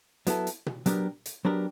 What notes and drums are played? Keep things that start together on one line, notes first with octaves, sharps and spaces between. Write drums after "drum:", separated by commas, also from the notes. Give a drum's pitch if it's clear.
F#3 B3 E4 A4, drum: hi-hat
drum: hi-hat
drum: tom B2
F#3 B3 D4 G4 A#4, drum: hi-hat
drum: hi-hat
F#3 B3 D4 G4 A#4